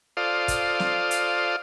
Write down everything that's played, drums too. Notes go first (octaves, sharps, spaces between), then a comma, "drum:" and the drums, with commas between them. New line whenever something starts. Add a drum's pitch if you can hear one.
F4 A4 C5 D5 F5 D#6
drum: kick, hi-hat
drum: snare
drum: hi-hat